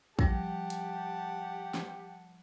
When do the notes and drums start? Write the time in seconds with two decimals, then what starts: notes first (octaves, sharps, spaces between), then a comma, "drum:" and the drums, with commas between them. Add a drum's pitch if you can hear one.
0.19 C3 F3 G3 G4 F#5 A5, drum: kick
0.70 drum: hi-hat
1.74 drum: snare